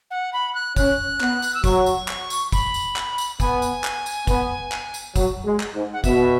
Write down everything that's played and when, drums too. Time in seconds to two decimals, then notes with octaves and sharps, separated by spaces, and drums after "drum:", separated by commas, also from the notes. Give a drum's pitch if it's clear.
0.11 F#5
0.33 B5
0.55 F#6
0.76 C#4 F#6, drum: kick, tambourine
1.21 B3, drum: clap
1.42 drum: tambourine
1.54 E6
1.64 F#3 C#6, drum: kick, tambourine
1.86 drum: tambourine
2.08 drum: clap
2.30 drum: tambourine
2.52 B5, drum: kick, tambourine
2.74 drum: tambourine
2.96 drum: clap
3.18 drum: tambourine
3.40 B3 G#5, drum: kick, tambourine
3.62 drum: tambourine
3.84 drum: clap
4.06 drum: tambourine
4.27 B3, drum: kick, tambourine
4.72 drum: clap
4.94 drum: tambourine
5.16 F#3, drum: kick, tambourine
5.45 G#3
5.60 drum: clap
5.75 G#2
5.93 F#5
6.04 B2 E5, drum: kick, tambourine